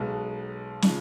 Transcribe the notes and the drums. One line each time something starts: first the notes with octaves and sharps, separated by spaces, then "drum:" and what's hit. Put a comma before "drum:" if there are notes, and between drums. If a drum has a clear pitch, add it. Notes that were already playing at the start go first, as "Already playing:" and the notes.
Already playing: B1 B2 G#3 B3
C#3 F3 G#3, drum: snare